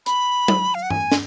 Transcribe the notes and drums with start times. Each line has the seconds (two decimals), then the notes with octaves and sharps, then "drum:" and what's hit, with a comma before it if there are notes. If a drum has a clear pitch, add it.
0.06 B5, drum: hi-hat
0.48 drum: tom
0.75 F5
0.83 F#5
0.90 G#5, drum: tom G2
1.12 drum: snare